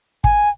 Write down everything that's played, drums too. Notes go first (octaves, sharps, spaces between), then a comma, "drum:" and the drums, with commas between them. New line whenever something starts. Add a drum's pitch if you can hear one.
G#5, drum: kick